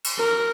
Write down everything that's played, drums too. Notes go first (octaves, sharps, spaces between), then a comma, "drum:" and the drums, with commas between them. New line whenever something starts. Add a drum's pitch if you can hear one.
drum: cymbal
A#4